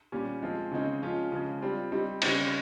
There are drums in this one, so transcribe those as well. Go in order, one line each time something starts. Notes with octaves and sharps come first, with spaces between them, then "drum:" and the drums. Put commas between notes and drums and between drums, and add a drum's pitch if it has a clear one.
A#2 G3 C#4
F3 G#3 C4 F4
C#3 G#3 C4 D#4
F3 G#3 C#4 F4
C#3 F3 G#3
G3 C4 F4
G3 C4 D#4
C#3 G3 C4 D#4, drum: cymbal